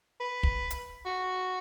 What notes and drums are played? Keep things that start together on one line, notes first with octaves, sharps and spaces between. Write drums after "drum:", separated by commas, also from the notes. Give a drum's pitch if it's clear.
B4
drum: kick
drum: hi-hat
F#4